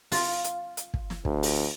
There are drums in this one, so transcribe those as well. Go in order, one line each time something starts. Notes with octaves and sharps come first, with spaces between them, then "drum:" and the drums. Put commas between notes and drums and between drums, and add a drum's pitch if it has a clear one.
F4, drum: open hi-hat
drum: hi-hat
drum: hi-hat
drum: kick
drum: snare
D2, drum: kick
drum: open hi-hat